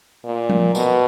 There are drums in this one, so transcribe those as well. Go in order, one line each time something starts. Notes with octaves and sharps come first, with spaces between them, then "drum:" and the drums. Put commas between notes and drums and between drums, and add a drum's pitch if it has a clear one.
A#2
drum: tom F3
B2, drum: tambourine